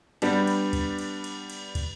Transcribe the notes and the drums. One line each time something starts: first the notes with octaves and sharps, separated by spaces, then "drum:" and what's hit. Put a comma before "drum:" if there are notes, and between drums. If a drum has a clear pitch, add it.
G3 B3 D4, drum: cymbal
drum: cymbal
drum: kick, cymbal
drum: cymbal
drum: cymbal
drum: cymbal
drum: kick, cymbal